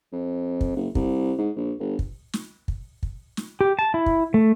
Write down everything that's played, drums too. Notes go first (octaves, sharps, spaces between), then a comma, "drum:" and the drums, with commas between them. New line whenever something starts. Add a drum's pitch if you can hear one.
F2
drum: kick
F#1
C2, drum: kick
G#2
A#1
G1
drum: kick
drum: snare
drum: kick
drum: kick
drum: snare
G4
A5
E4
drum: kick
A3